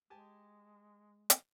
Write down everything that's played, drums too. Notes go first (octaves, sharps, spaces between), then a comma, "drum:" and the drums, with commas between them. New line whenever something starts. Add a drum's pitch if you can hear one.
G#3 G4 G#5 A5
drum: hi-hat